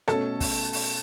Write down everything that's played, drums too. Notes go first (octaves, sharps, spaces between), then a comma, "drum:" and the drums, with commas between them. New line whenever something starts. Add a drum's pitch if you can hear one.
B2 A3 C#4 A4 A5, drum: rim click
drum: kick, open hi-hat
drum: open hi-hat